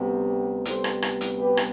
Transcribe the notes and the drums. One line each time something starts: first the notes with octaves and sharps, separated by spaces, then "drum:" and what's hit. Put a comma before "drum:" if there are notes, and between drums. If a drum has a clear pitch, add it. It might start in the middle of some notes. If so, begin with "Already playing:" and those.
Already playing: D2 C3 G3 B3
D2 C3 G3 B3 A4 C5, drum: hi-hat
drum: rim click
drum: rim click
drum: hi-hat
G4 B4
drum: rim click